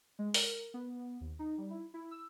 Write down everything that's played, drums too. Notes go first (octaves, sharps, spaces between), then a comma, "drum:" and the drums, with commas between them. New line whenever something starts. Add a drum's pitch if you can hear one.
G#3
A#4, drum: open hi-hat
B3
D#2
D#4
G3
E4
E4
E6